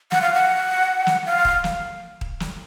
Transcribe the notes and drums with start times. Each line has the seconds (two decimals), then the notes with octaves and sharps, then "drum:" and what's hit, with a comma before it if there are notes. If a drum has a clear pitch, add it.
0.12 F#5, drum: snare
0.22 F5
0.34 F#5
1.07 drum: snare
1.26 F5
1.45 drum: kick D#1
1.64 drum: snare
2.21 drum: kick D#1
2.40 drum: snare